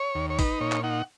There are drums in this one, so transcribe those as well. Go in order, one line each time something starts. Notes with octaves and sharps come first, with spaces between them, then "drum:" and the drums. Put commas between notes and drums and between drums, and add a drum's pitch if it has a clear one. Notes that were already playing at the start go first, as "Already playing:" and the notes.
Already playing: C#5
D#2
C#5
D#4 B4, drum: kick, open hi-hat
A#2 C#5
drum: clap
D#4 F#5